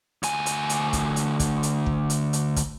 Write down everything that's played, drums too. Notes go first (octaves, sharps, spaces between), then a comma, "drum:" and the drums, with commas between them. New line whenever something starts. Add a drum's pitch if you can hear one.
D2 G#5, drum: hi-hat
drum: hi-hat
drum: hi-hat
drum: kick, hi-hat
drum: hi-hat
drum: kick, hi-hat
drum: hi-hat
drum: kick
drum: hi-hat
drum: hi-hat
drum: kick, hi-hat